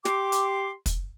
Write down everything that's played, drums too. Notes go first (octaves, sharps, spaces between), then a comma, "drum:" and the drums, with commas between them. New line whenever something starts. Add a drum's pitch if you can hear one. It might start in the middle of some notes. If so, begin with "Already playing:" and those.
G4 C6 D6, drum: snare
drum: hi-hat
drum: kick, hi-hat